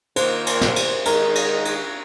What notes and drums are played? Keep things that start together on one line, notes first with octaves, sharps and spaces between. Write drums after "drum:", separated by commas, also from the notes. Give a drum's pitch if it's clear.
D#3 A#3 F4 C5, drum: cymbal
drum: cymbal
drum: snare
drum: cymbal
D#3 G#3 D#4 A#4, drum: cymbal
drum: cymbal
drum: cymbal